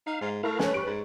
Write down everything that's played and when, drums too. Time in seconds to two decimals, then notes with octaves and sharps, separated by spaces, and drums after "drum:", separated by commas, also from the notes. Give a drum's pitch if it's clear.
0.07 D#4 F5
0.21 G#2
0.43 A3 E4 A#4 F5
0.59 B4 C#5 G#5, drum: snare
0.74 G3 C#6 D7
0.86 G#2